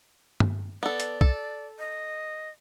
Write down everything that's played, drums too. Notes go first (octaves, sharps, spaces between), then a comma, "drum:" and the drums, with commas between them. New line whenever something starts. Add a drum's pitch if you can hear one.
drum: tom G2
B3 A4 D5
drum: hi-hat
A4, drum: kick
D#5